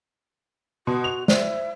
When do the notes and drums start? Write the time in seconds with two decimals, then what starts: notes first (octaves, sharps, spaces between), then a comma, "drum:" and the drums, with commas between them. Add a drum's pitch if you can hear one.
0.87 B2 F#4 C6
1.04 F7
1.28 C5 D5 E5, drum: snare